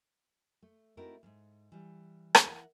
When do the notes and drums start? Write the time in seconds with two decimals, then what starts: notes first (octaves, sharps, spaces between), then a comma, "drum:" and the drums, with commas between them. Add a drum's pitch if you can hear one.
0.62 A3
0.97 A3 C4 D#4 E4 F#4 A#4
1.23 E2 G#2
1.72 E3 G3
2.35 drum: rim click
2.45 E4 A#4 E5 F#5